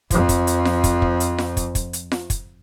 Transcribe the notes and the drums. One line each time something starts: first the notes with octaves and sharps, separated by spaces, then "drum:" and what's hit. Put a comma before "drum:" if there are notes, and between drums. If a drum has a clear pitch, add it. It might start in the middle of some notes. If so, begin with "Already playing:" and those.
F2 F3, drum: kick, hi-hat
drum: kick, hi-hat
drum: hi-hat
drum: snare F4
drum: kick, hi-hat
drum: kick
drum: hi-hat
drum: snare F4
drum: kick, hi-hat
drum: kick, hi-hat
drum: hi-hat
drum: snare F4
drum: kick, hi-hat